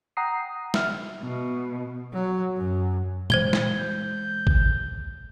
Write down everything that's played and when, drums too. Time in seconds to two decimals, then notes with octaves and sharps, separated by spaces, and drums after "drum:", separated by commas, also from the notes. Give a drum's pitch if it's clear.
0.17 F#5 G5 A#5 D#6 C7
0.74 E5 F6, drum: snare
1.22 B2
2.13 F#3
2.57 F#2
3.30 E3 G#3 C5 G#6 G7, drum: tom A#2
3.53 drum: snare
3.80 G6
4.47 drum: kick